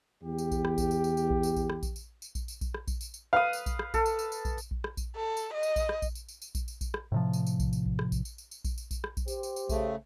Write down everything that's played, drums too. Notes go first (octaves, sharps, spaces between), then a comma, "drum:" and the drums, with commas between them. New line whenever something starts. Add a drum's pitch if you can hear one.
E2 G4
drum: tambourine
drum: kick A#1, tambourine
drum: rim click
drum: kick A#1, tambourine
drum: tambourine
drum: tambourine
drum: tambourine
drum: kick A#1
drum: tambourine
drum: kick A#1, tambourine
drum: rim click
drum: kick A#1, tambourine
drum: tambourine
drum: tambourine
drum: kick A#1, tambourine
drum: tambourine
drum: kick A#1, tambourine
drum: rim click
drum: kick A#1, tambourine
drum: tambourine
drum: tambourine
B4 F5 D#6
drum: tambourine
drum: kick A#1, tambourine
drum: rim click
A4, drum: kick A#1, tambourine
drum: tambourine
drum: tambourine
drum: tambourine
drum: kick A#1, tambourine
drum: tambourine
drum: kick A#1
drum: rim click
drum: kick A#1, tambourine
A4
drum: tambourine
D#5
drum: tambourine
drum: kick A#1, tambourine
drum: rim click
drum: kick A#1, tambourine
drum: tambourine
drum: tambourine
drum: tambourine
drum: kick A#1, tambourine
drum: tambourine
drum: kick A#1, tambourine
drum: rim click
A2 C3 F3
drum: tambourine
drum: tambourine
drum: kick A#1, tambourine
drum: tambourine
drum: kick A#1
drum: rim click
drum: kick A#1, tambourine
drum: tambourine
drum: tambourine
drum: tambourine
drum: kick A#1, tambourine
drum: tambourine
drum: kick A#1, tambourine
drum: rim click
drum: kick A#1, tambourine
G4 C5, drum: tambourine
drum: tambourine
drum: tambourine
C#3 A3, drum: kick A#1, tambourine